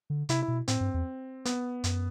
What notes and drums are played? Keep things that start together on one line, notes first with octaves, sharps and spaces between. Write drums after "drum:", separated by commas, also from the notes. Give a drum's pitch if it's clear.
D3
C3 E4, drum: hi-hat
E4
B2
A2 C4, drum: hi-hat
G2
E2
B3, drum: hi-hat
F#2, drum: hi-hat